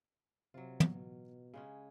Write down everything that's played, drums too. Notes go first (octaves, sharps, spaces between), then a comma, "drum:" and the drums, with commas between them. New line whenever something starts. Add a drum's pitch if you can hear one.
C3 F#3 F4
drum: tom
B2
C#3 G#3 C#4